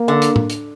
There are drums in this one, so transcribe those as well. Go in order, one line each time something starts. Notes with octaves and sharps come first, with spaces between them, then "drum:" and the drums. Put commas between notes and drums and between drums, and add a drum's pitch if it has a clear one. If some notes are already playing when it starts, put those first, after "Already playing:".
Already playing: A#3
D3
drum: hi-hat
drum: tom
drum: hi-hat